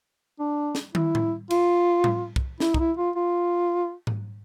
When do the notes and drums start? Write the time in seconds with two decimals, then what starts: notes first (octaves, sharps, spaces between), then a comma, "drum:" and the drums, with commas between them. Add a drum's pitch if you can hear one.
0.39 D4
0.75 drum: snare
0.95 E4, drum: tom
1.15 drum: tom A2
1.51 F4, drum: cymbal
2.04 drum: tom A2
2.36 drum: kick
2.60 E4, drum: snare
2.74 D#4, drum: kick
2.79 E4
2.97 F4
3.16 F4
4.07 drum: tom G#2